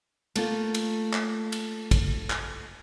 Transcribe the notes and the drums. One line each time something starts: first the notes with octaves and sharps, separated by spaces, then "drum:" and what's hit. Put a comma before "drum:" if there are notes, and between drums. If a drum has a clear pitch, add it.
A3 A#3 F4, drum: cymbal
drum: cymbal
drum: clap
drum: cymbal
drum: kick, cymbal
drum: clap